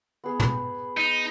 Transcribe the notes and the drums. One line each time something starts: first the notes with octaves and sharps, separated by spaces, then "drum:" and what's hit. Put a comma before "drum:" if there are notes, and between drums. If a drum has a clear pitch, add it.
B3 G#4
drum: tom
D#4